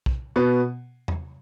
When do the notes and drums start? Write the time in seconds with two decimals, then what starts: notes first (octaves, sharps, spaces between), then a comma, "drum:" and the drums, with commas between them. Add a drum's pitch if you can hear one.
0.06 drum: kick
0.36 B2 B3
1.08 drum: tom E2